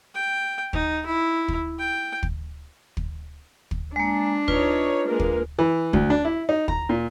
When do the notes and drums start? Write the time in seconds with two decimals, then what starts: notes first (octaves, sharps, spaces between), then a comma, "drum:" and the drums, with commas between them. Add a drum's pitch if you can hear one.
0.15 G5
0.73 D#4, drum: kick
1.06 E4
1.48 drum: kick
1.79 G5
2.23 drum: kick
2.97 drum: kick
3.71 drum: kick
3.96 G#3 A#3 D4
4.48 D#4 F4 B4 C#5, drum: kick
5.07 G#3 A#3 A#4
5.20 drum: kick
5.59 E3
5.93 D2, drum: kick
6.10 D4
6.25 E4
6.49 D#4
6.68 A#5, drum: kick
6.89 A#2